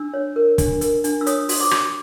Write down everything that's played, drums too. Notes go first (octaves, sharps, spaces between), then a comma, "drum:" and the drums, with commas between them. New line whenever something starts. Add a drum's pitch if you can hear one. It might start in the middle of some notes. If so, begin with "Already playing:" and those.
Already playing: D4 E6
C#5
A#4
D4, drum: kick, hi-hat
A#4, drum: hi-hat
D4, drum: hi-hat
E6
C#5 D#6, drum: hi-hat
F#4 D#6, drum: open hi-hat
D6
F#4, drum: rim click